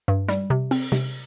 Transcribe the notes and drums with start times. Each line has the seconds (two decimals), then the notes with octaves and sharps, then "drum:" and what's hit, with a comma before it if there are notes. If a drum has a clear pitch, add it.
0.08 G2
0.28 G3, drum: snare
0.50 C3
0.71 C4, drum: open hi-hat
0.92 C3, drum: snare